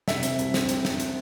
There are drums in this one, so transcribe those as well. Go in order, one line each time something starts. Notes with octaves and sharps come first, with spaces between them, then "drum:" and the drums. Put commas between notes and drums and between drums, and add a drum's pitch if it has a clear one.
C3 E5, drum: snare
C4, drum: hi-hat
C2, drum: hi-hat
C4, drum: snare
C4, drum: hi-hat
C4, drum: snare
drum: hi-hat